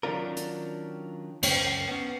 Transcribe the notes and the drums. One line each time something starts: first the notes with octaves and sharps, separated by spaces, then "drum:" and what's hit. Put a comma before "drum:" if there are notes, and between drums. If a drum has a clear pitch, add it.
D#3 F#3 C#4 D4 F4 A#4
drum: hi-hat
C#2 F#2 C#4 C#5 G5, drum: cymbal
B3 C#4